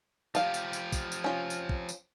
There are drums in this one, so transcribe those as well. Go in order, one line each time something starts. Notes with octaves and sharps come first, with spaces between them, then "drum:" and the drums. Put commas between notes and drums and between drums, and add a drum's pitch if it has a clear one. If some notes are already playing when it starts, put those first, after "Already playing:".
F3 G4 F5 A5, drum: tambourine
drum: tambourine
drum: tambourine
drum: kick, tambourine
drum: tambourine
C#4 F4
drum: tambourine
drum: kick
drum: tambourine